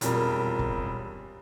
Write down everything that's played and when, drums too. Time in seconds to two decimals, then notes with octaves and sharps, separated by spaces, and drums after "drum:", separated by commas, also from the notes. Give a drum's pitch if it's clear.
0.01 E1 F2 G3 A#4, drum: hi-hat
0.59 drum: kick